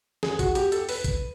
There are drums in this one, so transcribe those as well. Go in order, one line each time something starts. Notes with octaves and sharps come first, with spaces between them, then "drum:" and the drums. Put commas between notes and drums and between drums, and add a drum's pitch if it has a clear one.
G#4, drum: snare
F#4, drum: kick A#1, hi-hat
G4, drum: hi-hat
A4, drum: hi-hat
B4, drum: open hi-hat
drum: kick A#1, hi-hat